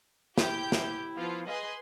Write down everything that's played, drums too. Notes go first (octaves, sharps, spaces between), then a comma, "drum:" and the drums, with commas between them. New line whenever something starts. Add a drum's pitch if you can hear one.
E4 G4 G6, drum: snare
drum: snare
F3 B3 F4
G#4 B4 D#5 C6